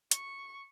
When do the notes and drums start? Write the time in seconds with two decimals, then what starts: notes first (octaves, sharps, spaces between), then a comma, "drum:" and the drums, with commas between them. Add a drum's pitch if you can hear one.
0.11 C#6, drum: hi-hat